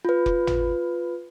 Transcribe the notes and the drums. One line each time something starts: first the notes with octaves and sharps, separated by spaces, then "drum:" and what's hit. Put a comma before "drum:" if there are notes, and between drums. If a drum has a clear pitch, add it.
F4 B4
drum: kick F1
drum: tom